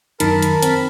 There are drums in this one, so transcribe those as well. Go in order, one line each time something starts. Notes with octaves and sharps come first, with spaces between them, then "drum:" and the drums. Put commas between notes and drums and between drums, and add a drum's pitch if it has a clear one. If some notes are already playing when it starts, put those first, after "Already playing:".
F#2 D#3 A#4 A5 B5, drum: hi-hat
drum: hi-hat
C4, drum: hi-hat